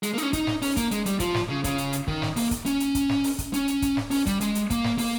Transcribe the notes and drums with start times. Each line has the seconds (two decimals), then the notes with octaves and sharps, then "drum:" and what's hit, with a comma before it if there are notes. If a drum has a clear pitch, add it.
0.03 G#3, drum: hi-hat
0.14 A#3
0.18 D#4, drum: hi-hat
0.23 C#4
0.33 D#4, drum: kick, hi-hat
0.47 drum: snare
0.62 C#4, drum: open hi-hat
0.77 A#3, drum: kick, hi-hat
0.91 G#3, drum: hi-hat
1.06 G3, drum: hi-hat
1.20 F3, drum: kick, hi-hat
1.34 drum: snare
1.50 C#3
1.64 C#3, drum: kick, hi-hat
1.78 drum: hi-hat
1.93 drum: hi-hat
2.07 D#3, drum: kick
2.22 drum: snare
2.36 A#3, drum: open hi-hat
2.51 drum: kick, hi-hat
2.66 C#4, drum: hi-hat
2.80 drum: hi-hat
2.95 drum: kick, hi-hat
3.09 drum: snare
3.24 drum: open hi-hat
3.38 drum: kick, hi-hat
3.54 C#4, drum: hi-hat
3.68 drum: hi-hat
3.82 drum: kick, hi-hat
3.97 drum: snare
4.11 C#4, drum: open hi-hat
4.26 G3, drum: kick, hi-hat
4.41 G#3, drum: hi-hat
4.55 drum: hi-hat
4.70 A#3, drum: kick, hi-hat
4.84 drum: snare
4.98 A#3, drum: open hi-hat